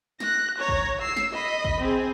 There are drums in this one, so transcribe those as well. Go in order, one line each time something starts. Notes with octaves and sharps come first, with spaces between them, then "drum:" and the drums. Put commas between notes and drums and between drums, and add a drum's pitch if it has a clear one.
F#6 A#6, drum: snare
C#5 A#5
drum: kick
E6 C7
drum: snare
D#5 B5
drum: kick
C4 G#4